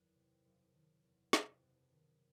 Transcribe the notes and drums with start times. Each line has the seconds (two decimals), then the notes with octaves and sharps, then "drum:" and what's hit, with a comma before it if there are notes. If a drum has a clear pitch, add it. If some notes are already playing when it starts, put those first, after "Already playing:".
Already playing: F#1 E2 D#3 F#6
0.16 C3
0.45 F#1
0.74 D#3
1.04 E2
1.33 C3, drum: snare
1.62 F#1 F#6
1.92 D#3